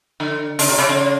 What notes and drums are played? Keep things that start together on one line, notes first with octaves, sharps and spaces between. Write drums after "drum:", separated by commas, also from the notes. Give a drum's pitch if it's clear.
D3
C#3, drum: open hi-hat
B2
C3
C#3